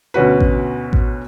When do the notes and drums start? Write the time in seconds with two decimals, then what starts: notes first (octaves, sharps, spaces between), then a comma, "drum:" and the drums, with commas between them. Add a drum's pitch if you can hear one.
0.14 D2 B2 C#4 F#4 B4
0.40 drum: kick A1
0.93 drum: kick A1